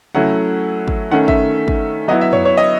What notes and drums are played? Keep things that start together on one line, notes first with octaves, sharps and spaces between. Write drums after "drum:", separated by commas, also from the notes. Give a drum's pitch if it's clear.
F#3 A3 C#4 E4 F#5, drum: tom C3
drum: kick
D#3 A3 C#4 F#5
E5, drum: kick
drum: kick
F#3 B3 E4 D#5
E5
C#5, drum: tom F2
C#5
D#5